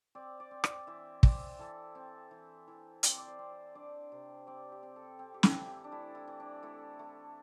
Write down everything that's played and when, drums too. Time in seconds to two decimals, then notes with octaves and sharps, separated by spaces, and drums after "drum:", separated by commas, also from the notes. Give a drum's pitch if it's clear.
0.15 C4 D5
0.40 D5
0.51 C4
0.64 D5, drum: rim click
0.87 E3 E5
1.23 C4 D5, drum: kick
1.59 E3 A4
1.95 C4
2.31 E3
2.68 E3
3.03 C4 D5, drum: hi-hat
3.18 D5
3.28 C5
3.39 C4
3.52 D5
3.75 D4 D5
4.12 C3
4.47 C4 D5
4.72 G4
4.83 C4
4.96 A4
5.19 C4
5.34 G4
5.43 E4, drum: snare
5.56 E3
5.68 G4
5.84 D4
5.92 A3 E4
6.15 E4
6.27 E3
6.40 D4
6.63 A3 E4
6.99 A3